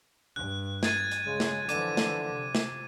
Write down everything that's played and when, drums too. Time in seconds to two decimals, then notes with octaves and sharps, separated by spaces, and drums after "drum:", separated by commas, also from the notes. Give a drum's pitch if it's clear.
0.36 G2 F#6
0.83 G#6 A6 D#7, drum: snare
1.11 drum: hi-hat
1.26 C#3 G#3
1.40 drum: snare
1.69 D3 E3 F3 D6 D#7, drum: hi-hat
1.97 drum: snare
2.34 C3
2.55 drum: snare